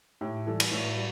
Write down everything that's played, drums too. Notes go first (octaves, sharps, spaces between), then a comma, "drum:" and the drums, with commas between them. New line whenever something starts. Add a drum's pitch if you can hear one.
A2 G4
E3 G3 A4
drum: cymbal
A2
G3